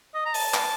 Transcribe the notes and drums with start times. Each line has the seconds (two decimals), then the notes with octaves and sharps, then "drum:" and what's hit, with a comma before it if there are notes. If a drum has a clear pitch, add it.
0.14 D#5
0.25 A#5
0.34 A5, drum: open hi-hat
0.54 drum: clap